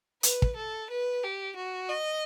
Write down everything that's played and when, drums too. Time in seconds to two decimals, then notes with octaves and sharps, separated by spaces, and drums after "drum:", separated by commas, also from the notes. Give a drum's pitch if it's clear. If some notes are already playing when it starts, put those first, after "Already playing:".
0.23 B4, drum: hi-hat
0.42 drum: kick
0.57 A4
0.90 B4
1.23 G4
1.56 F#4
1.89 D#5